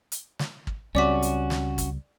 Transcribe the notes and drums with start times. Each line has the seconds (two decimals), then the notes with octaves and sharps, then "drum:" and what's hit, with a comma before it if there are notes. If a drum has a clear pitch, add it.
0.12 drum: hi-hat
0.39 drum: snare
0.67 drum: kick
0.95 C#2 G3 C4 C#4 F#4 D5 D6 B6
1.22 drum: hi-hat
1.50 drum: snare
1.78 drum: kick, hi-hat